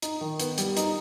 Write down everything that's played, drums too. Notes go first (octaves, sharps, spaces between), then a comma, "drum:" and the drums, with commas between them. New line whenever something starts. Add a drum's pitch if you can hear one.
D#4, drum: hi-hat
D#3
B3, drum: hi-hat
G3, drum: hi-hat
D#4, drum: hi-hat